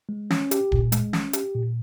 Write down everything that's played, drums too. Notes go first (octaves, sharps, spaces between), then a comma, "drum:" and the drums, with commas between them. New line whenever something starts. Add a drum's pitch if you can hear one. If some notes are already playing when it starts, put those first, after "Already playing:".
G#3
C#4, drum: snare
G4, drum: hi-hat
A#2, drum: kick D1
G#3, drum: hi-hat
C#4, drum: snare
G4, drum: hi-hat
A#2